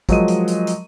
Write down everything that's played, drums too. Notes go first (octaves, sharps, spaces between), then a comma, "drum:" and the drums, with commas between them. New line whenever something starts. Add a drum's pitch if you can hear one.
F3 F#3 G#3 A#4 D#5 D#7, drum: kick, hi-hat
drum: hi-hat
drum: hi-hat
drum: hi-hat